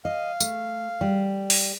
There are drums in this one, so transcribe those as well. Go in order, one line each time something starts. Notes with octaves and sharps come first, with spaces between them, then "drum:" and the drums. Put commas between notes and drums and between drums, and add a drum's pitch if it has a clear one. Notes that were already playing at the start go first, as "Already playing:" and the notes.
D#5 F5
A3, drum: tambourine
G3
drum: open hi-hat